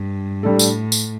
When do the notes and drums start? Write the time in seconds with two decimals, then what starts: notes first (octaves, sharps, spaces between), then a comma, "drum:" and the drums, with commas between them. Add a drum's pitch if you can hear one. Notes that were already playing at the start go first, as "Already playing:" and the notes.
Already playing: G2
0.43 A2 G3 D4 A4
0.59 drum: tambourine
0.92 drum: tambourine